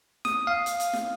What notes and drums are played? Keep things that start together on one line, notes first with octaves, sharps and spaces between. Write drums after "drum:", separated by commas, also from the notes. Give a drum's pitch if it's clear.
D#6, drum: snare
F5
drum: hi-hat
drum: hi-hat
drum: snare